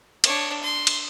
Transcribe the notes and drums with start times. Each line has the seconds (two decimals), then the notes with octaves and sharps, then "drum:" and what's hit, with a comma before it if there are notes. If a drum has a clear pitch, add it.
0.24 D4 C#5, drum: cymbal
0.63 C6
0.87 drum: cymbal